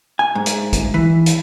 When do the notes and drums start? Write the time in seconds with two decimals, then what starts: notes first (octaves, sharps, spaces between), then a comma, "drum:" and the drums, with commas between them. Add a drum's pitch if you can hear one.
0.19 G#5
0.35 G#2
0.46 drum: hi-hat
0.73 drum: kick B1, hi-hat
0.94 E3
1.26 drum: hi-hat